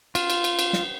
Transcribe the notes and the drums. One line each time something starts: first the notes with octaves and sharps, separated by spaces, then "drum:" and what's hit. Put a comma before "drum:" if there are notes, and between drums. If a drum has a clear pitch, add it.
F4, drum: cymbal
drum: cymbal
drum: cymbal
drum: cymbal
drum: snare